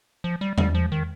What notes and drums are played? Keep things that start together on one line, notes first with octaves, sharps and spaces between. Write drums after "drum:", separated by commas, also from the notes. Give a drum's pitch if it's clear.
F3
G3
G3, drum: tom E2
F3
D#3